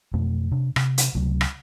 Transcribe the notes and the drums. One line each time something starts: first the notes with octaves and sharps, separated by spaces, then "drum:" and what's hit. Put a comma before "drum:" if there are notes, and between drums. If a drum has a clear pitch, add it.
F2 B2 A3
C3 D4
C3, drum: rim click
drum: hi-hat
C#2 C3 F#3 A3
drum: rim click